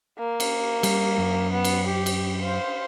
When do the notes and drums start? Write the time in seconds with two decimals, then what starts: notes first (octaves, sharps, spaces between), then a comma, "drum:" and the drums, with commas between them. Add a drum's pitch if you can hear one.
0.19 A#3
0.40 drum: cymbal
0.83 G3, drum: cymbal
1.18 F#2
1.52 B3
1.64 drum: cymbal
1.87 G4
2.06 drum: cymbal
2.42 C5 F5